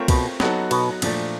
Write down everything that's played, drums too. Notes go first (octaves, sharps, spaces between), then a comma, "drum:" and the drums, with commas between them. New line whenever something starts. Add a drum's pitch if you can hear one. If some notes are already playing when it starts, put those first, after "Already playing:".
Already playing: A3 C4 F4 A#4 C#5
B2, drum: kick C2, cymbal
F#3 B3 D#4 F#4 A4, drum: snare
B2, drum: cymbal
A#2 F3 A3 D4, drum: cymbal